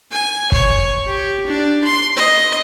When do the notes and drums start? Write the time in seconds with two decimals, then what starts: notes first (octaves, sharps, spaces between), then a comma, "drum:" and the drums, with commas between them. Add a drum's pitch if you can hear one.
0.12 G#5
0.52 C#5, drum: kick
1.07 G4
1.47 D4
1.84 C6
2.16 D#5